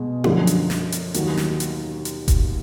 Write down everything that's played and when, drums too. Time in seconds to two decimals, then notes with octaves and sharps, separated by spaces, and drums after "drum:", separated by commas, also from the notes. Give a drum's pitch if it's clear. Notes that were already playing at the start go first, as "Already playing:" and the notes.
Already playing: B2 G#3
0.24 F#2 D3 F3, drum: tom E4
0.47 drum: hi-hat
0.70 drum: snare
0.92 drum: hi-hat
1.14 D#2 D#3 F#3, drum: hi-hat
1.37 drum: snare
1.60 drum: hi-hat
2.05 drum: hi-hat
2.28 drum: kick F1, hi-hat